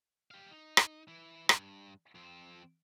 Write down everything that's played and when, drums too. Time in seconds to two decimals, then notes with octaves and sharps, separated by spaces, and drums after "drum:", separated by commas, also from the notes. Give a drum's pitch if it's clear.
0.31 G4 F5
0.51 D#4
0.77 drum: rim click
1.08 E3 E4
1.49 G2, drum: rim click
2.15 F2 C4